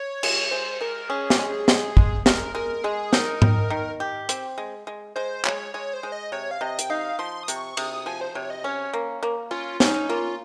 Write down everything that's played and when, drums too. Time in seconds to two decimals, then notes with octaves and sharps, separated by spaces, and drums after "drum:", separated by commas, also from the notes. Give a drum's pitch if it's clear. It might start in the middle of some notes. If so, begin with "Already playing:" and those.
Already playing: C#5
0.23 G#3, drum: cymbal
0.51 G#3 C5
0.81 G#3 A#4
1.09 C#4 G#4
1.30 G4, drum: snare
1.39 G#3 G#4
1.68 G#3, drum: snare
1.97 G#3, drum: kick
2.26 G#3 A#4, drum: snare
2.55 G#3 A#4
2.84 G#3 G#4
3.13 D#4 A#4, drum: snare
3.42 D#3, drum: tom G#2
3.70 D#3
4.00 G4
4.29 C4, drum: hi-hat
4.58 G#3
4.87 G#3
5.16 G#3 C5
5.45 G#3 C#5, drum: clap
5.74 G#3 C#5
5.94 C5
6.03 G#3
6.12 D#5
6.32 C3 C#5
6.51 F5
6.61 C3 D#5
6.79 G5, drum: hi-hat
6.90 D#4 F5
7.19 F3 C6
7.43 D#6
7.48 C3 C#6, drum: hi-hat
7.77 C3 D#6, drum: cymbal
8.06 F3 G#5
8.21 C5
8.35 C3 C#5
8.50 D#5
8.64 C#4 C#5
8.93 A#3
9.23 A#3
9.51 C#4 F4
9.80 C#4 D#4, drum: snare
10.09 A#3 F4